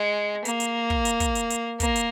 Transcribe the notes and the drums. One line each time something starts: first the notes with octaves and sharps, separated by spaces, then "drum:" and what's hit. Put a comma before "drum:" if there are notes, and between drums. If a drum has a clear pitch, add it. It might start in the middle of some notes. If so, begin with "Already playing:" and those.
Already playing: G#3
A#3, drum: hi-hat
drum: hi-hat
drum: kick
drum: hi-hat
drum: kick, hi-hat
drum: hi-hat
drum: hi-hat
A#3, drum: kick, hi-hat
drum: hi-hat